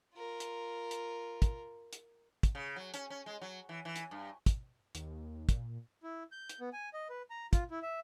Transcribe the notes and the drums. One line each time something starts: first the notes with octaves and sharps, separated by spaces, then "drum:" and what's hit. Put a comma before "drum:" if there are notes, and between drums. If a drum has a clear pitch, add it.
F4 A#4
drum: hi-hat
drum: hi-hat
drum: kick, hi-hat
drum: hi-hat
drum: kick, hi-hat
C#3
F#3
C#4, drum: hi-hat
C#4
G#3
F#3
E3
E3
drum: hi-hat
G2
drum: kick, hi-hat
D#2, drum: hi-hat
A#2, drum: kick, hi-hat
E4
G6
drum: hi-hat
B3
G#5
D#5
B4
A#5
F4, drum: kick, hi-hat
E4
E5